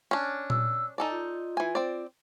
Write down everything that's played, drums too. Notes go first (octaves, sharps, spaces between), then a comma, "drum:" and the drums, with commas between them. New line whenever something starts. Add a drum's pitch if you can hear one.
C#4 D4
E6, drum: tom A#2
D#4 A4 D5 G#5
F4
E3 G#5
C4 D5